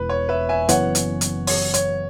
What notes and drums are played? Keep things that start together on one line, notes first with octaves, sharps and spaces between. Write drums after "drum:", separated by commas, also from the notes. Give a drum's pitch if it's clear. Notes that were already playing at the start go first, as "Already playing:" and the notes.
Already playing: E1 E2 B4
C#5
B4 E5
E5 G#5
F#1 F#2 E3 B3 C#5 F#5, drum: hi-hat
drum: hi-hat
drum: hi-hat
C#5, drum: open hi-hat
C#5, drum: hi-hat